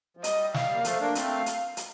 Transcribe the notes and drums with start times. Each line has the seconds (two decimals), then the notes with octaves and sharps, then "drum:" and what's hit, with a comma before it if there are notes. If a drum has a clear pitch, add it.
0.17 F3
0.24 G3 D#5, drum: hi-hat
0.54 F5, drum: snare
0.73 A#3
0.85 F3 A3, drum: hi-hat
1.00 A#3 D4
1.15 A3 C4 F5, drum: hi-hat
1.46 drum: hi-hat
1.77 drum: hi-hat